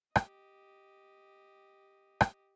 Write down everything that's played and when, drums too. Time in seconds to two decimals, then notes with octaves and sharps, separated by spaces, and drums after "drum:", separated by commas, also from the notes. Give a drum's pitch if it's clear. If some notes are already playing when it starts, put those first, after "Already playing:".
0.16 G4 D#5, drum: rim click
2.21 drum: rim click